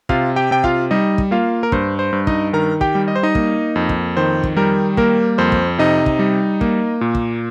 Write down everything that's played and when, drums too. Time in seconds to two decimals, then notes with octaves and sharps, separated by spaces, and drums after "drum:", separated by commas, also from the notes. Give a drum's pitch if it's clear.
0.09 C3 F4 F5, drum: kick
0.36 G4 G5
0.51 C3 G5
0.64 F4 F5, drum: kick
0.91 G3 D#4 D#5
1.18 drum: kick
1.31 A#3 F4 F5
1.63 A#4
1.72 G2 C5, drum: kick
1.99 C5
2.13 G2
2.27 D#4 D#5, drum: kick
2.53 D#3 A#4 A#5
2.81 G4 G5, drum: kick
2.95 G3
3.08 D#5
3.16 C5
3.23 D#4 D#5
3.35 A#3, drum: kick
3.76 F2
3.89 drum: kick
4.17 D#3 C5
4.43 drum: kick
4.56 G3 A#4
4.97 A#3 A#4, drum: kick
5.38 F2 C5
5.52 drum: kick
5.78 C3 D#4 D#5
6.06 drum: kick
6.19 G3
6.61 A#3, drum: kick
7.01 A#2
7.15 drum: kick